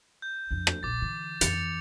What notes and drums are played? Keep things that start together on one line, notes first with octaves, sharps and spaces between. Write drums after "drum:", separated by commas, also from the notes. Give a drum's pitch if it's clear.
G6
F2 D4
drum: rim click
D#1 A#1 D6 A6
D3 E3
F2 E3 A6 C#7 F7, drum: hi-hat